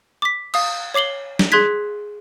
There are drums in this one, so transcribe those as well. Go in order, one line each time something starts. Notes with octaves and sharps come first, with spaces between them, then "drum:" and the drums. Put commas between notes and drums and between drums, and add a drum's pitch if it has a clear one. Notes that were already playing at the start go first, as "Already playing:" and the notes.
D6 B6
F5 D#6, drum: cymbal
C#5 D6 C7 F#7 G7
drum: snare
G#4 C6 F#6 G#6 B6